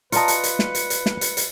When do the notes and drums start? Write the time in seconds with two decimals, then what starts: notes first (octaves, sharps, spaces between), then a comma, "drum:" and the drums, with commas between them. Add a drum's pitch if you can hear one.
0.12 F4 B4 D5 D#5 A5 A#5 C#7, drum: hi-hat
0.28 drum: hi-hat
0.43 drum: hi-hat
0.59 drum: snare
0.75 drum: hi-hat
0.90 drum: hi-hat
1.06 drum: snare
1.21 drum: hi-hat
1.37 drum: hi-hat